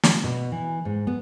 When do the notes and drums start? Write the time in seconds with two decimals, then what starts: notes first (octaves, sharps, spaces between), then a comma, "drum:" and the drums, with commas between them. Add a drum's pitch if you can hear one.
0.03 drum: snare
0.24 B2
0.52 E3
0.85 G#2
1.07 B3